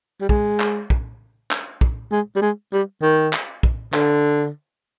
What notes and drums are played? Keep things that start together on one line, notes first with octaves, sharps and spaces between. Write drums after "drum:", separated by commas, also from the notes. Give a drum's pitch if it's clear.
G3
G#3, drum: kick
drum: clap
drum: kick
drum: clap
drum: kick
G#3
G3
G#3
G3
D#3
drum: clap
drum: kick
D3, drum: clap